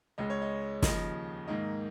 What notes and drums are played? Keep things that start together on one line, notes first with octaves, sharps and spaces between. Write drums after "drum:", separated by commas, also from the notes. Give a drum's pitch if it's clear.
C#2 C#3 G#3 D#5
C#5
D#5
D#2 C#3 F3 D#5, drum: snare
G#2 D#3 A#3 D#5